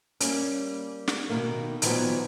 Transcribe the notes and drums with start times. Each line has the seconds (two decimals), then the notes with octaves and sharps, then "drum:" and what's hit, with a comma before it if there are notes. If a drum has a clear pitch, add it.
0.20 G3 A#3 C#4, drum: hi-hat
1.08 drum: snare
1.30 B2 D#3 A#3
1.82 A#2 D#3 F3 F#3 B3, drum: hi-hat